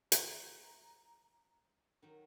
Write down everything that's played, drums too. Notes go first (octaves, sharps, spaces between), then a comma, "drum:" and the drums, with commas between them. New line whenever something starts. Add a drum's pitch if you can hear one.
A#5, drum: hi-hat
D#3 F#3